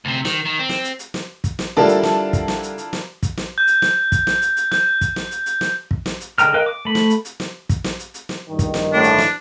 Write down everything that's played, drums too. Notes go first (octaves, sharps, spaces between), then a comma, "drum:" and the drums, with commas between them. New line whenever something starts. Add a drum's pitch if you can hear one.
D2 C3
D#3, drum: snare
D#3
C4
drum: snare
drum: hi-hat
drum: hi-hat
drum: snare
drum: kick, hi-hat
drum: snare
D3 G3 D4 E4 F4 A#4 A5
drum: hi-hat
drum: snare
drum: kick, hi-hat
drum: snare
drum: hi-hat
drum: hi-hat
drum: snare
drum: kick, hi-hat
drum: snare
G6
drum: hi-hat
drum: snare
drum: kick, hi-hat
drum: snare
drum: hi-hat
drum: hi-hat
G6, drum: snare
drum: kick, hi-hat
drum: snare
drum: hi-hat
drum: hi-hat
drum: snare
drum: kick
drum: snare
drum: hi-hat
D3 G#3 G5 A#5 F6, drum: hi-hat
A#4 D#5 F5 G5 F#6
D6
A3 B5
drum: snare
drum: hi-hat
drum: hi-hat
drum: snare
drum: kick, hi-hat
drum: snare
drum: hi-hat
drum: hi-hat
drum: snare
A#1 G2 D#3
drum: kick, hi-hat
drum: snare
A1 A2 D4
drum: hi-hat
drum: snare